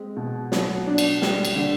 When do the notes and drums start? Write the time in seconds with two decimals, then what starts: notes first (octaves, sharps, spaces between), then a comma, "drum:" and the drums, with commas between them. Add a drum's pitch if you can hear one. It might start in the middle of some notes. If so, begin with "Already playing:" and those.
Already playing: G#3 C4
0.17 B2
0.52 F#3, drum: snare
0.87 D4
0.98 drum: cymbal
1.22 G3, drum: snare
1.45 drum: cymbal
1.56 D3